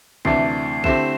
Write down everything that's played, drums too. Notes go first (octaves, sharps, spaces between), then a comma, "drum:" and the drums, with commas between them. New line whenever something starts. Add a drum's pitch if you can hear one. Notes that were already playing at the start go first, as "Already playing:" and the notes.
D2 C3 E3 A3 D4 C7, drum: kick
D3 A3 C4 E4 G4 E7, drum: kick